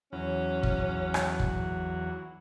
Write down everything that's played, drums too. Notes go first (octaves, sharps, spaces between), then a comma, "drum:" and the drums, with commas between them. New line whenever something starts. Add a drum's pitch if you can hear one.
E2 F#3 C#4
drum: kick
drum: rim click
drum: kick